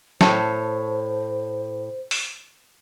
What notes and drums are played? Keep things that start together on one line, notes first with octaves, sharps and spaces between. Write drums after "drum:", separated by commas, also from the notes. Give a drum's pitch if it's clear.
A2 C5 C#5, drum: snare
drum: open hi-hat